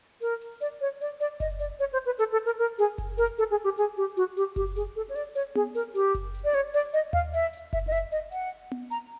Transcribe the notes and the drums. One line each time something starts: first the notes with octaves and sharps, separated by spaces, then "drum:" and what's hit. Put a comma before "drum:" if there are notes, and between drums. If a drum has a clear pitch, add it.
A#4, drum: hi-hat
drum: open hi-hat
D5, drum: hi-hat
C#5
D5, drum: hi-hat
D5, drum: hi-hat
D#5, drum: kick F#1, open hi-hat
D5, drum: hi-hat
C#5
C5
B4
A4, drum: hi-hat
A4
A#4
A#4
G#4, drum: hi-hat
drum: kick F#1, open hi-hat
A#4, drum: hi-hat
A4, drum: hi-hat
G#4
G4
G#4, drum: hi-hat
G4
F#4, drum: hi-hat
G4, drum: hi-hat
G4, drum: kick F#1, open hi-hat
G#4, drum: hi-hat
A4
C#5
D5, drum: open hi-hat
C#5, drum: hi-hat
G#4, drum: tom B3
A#4, drum: hi-hat
G4, drum: hi-hat
drum: kick F#1, open hi-hat
drum: hi-hat
D5
C#5, drum: hi-hat
D5, drum: open hi-hat
D#5, drum: hi-hat
F5, drum: tom D#2
E5, drum: hi-hat
drum: hi-hat
E5, drum: kick F#1, open hi-hat
D#5
E5, drum: hi-hat
D#5, drum: hi-hat
F#5, drum: open hi-hat
drum: tom B3
A#5, drum: hi-hat